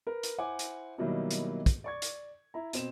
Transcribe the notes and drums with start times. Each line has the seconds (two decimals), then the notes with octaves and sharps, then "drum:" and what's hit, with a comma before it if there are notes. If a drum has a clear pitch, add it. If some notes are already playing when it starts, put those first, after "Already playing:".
0.07 A#4 B4
0.23 drum: hi-hat
0.38 E4 C5 F#5 G#5 D6
0.59 drum: hi-hat
0.98 B2 D#3 F#3 G3 A#3 E4
1.31 drum: hi-hat
1.66 drum: kick, hi-hat
1.84 D5 C#6 G#6
2.02 drum: hi-hat
2.54 E4 A#5
2.73 B2 C4 E7, drum: hi-hat